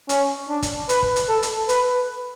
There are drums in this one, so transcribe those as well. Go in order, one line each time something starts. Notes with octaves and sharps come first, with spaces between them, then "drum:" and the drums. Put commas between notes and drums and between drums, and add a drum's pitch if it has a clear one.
C#4, drum: hi-hat
D4
drum: kick, hi-hat
B4, drum: hi-hat
drum: kick
drum: hi-hat
A4
drum: hi-hat
B4, drum: hi-hat